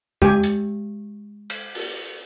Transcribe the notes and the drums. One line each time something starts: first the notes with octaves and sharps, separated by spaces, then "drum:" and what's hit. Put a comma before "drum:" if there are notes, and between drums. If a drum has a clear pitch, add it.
G#3 G4 G#5, drum: tom F2
drum: hi-hat
drum: cymbal
drum: open hi-hat